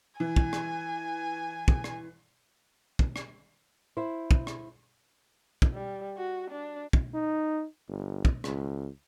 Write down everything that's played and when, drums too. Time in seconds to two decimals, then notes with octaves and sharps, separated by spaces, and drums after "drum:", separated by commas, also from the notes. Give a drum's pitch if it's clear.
0.20 E3 G#5
0.36 drum: kick
0.53 drum: rim click
1.68 drum: kick
1.84 drum: rim click
2.99 drum: kick
3.16 drum: rim click
3.97 E4 C5
4.31 drum: kick
4.47 drum: rim click
5.62 drum: kick
5.74 G3
6.17 F#4
6.50 D4
6.93 drum: kick
7.14 D#4
7.88 G1
8.25 drum: kick
8.44 C#2, drum: rim click